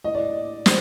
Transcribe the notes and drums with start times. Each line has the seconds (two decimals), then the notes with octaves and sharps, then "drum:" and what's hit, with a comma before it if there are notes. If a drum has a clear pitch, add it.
0.04 A2 D#5
0.15 D5
0.66 C5, drum: snare